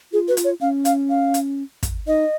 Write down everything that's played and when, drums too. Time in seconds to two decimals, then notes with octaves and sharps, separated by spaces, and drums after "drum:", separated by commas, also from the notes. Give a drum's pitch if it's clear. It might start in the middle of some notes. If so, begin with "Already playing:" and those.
0.12 F4 G#4
0.28 B4
0.31 F#4
0.37 F4, drum: hi-hat
0.44 C#5
0.61 C#4 F5
0.85 F5, drum: hi-hat
1.10 F5
1.34 drum: hi-hat
1.83 drum: kick, hi-hat
2.07 D#4 D#5